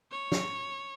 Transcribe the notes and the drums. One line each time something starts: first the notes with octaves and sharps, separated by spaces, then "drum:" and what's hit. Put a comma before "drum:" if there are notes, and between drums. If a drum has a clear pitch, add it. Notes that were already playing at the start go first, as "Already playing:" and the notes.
C#5
drum: snare